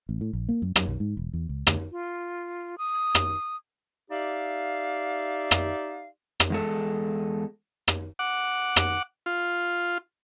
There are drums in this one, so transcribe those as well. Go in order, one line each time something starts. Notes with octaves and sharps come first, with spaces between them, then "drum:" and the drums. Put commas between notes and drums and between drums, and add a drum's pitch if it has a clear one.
A1
A2
A#1
A#3
F#2
F#2, drum: rim click
B1
G#2
E1
E2
C#2
D2, drum: rim click
F4
D#6
drum: rim click
D#4 G4 D5 E5 F5
drum: rim click
drum: rim click
E2 G#3 A4
drum: rim click
F#5 D6
drum: rim click
F4